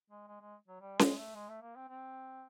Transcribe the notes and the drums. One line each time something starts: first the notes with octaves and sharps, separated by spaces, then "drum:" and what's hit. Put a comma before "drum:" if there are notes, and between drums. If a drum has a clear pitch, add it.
G#3
G#3
G#3
F#3
G3
G#3, drum: snare C#4
A3
G#3
A3
A#3
C4
C4